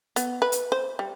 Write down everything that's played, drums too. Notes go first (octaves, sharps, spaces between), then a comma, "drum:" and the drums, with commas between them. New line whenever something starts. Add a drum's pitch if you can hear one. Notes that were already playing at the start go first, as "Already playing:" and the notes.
B3, drum: hi-hat
B4
drum: hi-hat
C5
G3